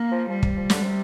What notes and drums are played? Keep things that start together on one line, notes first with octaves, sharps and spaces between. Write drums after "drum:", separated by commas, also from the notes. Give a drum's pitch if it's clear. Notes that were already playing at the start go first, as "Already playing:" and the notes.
Already playing: A#3
F3
F3 G3
drum: kick
F3
D3, drum: snare
C3